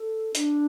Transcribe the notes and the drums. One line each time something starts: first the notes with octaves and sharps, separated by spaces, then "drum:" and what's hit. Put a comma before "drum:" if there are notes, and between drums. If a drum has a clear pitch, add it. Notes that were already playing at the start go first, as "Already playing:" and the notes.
Already playing: A4
D4, drum: hi-hat